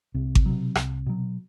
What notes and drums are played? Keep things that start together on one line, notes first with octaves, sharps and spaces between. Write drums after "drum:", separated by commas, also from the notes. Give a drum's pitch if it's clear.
C2 C3
drum: kick G#1
B2 F#3
C2, drum: rim click
B2 F#3